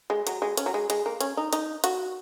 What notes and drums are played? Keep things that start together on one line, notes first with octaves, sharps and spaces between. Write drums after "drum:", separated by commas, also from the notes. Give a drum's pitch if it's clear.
G#3
F#3, drum: hi-hat
G#3
C#4, drum: hi-hat
F#3
G#3
G#3, drum: hi-hat
A#3
C#4, drum: hi-hat
D#4
D#4, drum: hi-hat
F#4, drum: hi-hat